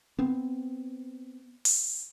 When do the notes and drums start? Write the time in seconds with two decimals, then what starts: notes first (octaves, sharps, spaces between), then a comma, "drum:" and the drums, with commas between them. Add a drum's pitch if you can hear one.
0.19 B3 C4
1.65 drum: open hi-hat